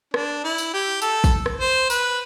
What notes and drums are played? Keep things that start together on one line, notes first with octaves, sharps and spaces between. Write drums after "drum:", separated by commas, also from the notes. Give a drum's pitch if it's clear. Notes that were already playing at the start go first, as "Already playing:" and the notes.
D4, drum: rim click
E4
drum: tambourine
G4
A4, drum: tambourine
drum: kick, tambourine
drum: rim click
C5
B4, drum: tambourine